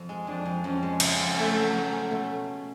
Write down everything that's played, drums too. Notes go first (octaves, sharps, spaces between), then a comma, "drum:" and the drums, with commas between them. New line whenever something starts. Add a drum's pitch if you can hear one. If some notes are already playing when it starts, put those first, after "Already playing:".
Already playing: F2
G#3
F2 D4
F2
F2 C#4
G#3
C#3, drum: cymbal
F2
A3 C#4
F#3
F#3
C#4
B2 A3